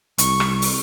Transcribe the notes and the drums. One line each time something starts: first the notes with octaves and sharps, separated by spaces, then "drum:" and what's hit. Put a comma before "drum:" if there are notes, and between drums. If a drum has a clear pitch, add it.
C2 C#6, drum: hi-hat
drum: rim click
drum: open hi-hat